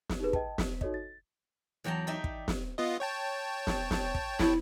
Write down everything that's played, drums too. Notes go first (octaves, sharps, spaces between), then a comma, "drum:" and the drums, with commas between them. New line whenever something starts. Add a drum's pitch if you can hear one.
drum: snare
D#4 G4 G#4 B4
D#5 G5 A5, drum: kick
B6, drum: snare
D#4 F#4 A4 C#5 D#5, drum: kick
A6
E2 F#3 G5 A5 A#5
D#4 G4 D5 E5
drum: kick
drum: snare
B3 F4 D#5
C#5 G5 A5
drum: snare
drum: snare
drum: kick
E4, drum: snare